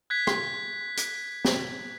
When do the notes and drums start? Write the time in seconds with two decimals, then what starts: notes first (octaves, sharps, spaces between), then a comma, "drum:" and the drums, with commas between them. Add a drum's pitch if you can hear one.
0.10 F#6 G#6 B6
0.27 drum: rim click
0.97 drum: hi-hat
1.45 drum: snare